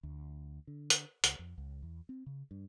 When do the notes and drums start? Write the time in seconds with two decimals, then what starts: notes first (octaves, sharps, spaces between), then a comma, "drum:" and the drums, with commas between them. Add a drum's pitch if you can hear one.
0.03 D2
0.67 D3
0.90 drum: hi-hat
1.24 C#2, drum: hi-hat
1.39 F2
1.58 C#2
1.83 E2
2.09 C4
2.26 C#3
2.51 G2